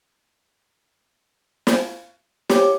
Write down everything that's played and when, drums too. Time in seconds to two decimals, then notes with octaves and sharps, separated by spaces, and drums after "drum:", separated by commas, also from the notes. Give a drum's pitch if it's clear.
1.67 drum: snare
2.50 G4 C#5 D6, drum: snare